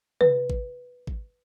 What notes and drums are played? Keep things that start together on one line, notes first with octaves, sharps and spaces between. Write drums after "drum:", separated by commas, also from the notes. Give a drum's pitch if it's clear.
B4, drum: tom
drum: kick
drum: kick